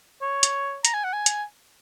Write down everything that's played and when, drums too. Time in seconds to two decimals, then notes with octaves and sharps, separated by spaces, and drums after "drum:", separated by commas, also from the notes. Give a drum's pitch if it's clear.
0.22 C#5
0.43 drum: hi-hat
0.85 A#5, drum: hi-hat
0.94 G#5
1.04 F#5
1.13 G#5
1.26 drum: hi-hat